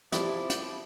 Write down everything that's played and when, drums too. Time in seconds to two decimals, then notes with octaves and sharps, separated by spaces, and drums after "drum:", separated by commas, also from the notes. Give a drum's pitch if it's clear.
0.12 C3 F3 G3 E4 D6, drum: hi-hat
0.50 drum: hi-hat